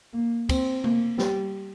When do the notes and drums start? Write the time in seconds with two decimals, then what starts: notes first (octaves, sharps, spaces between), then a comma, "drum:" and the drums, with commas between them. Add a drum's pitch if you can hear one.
0.13 A#3
0.49 C4, drum: kick, cymbal
0.84 A#3, drum: tom C3
1.18 G3, drum: snare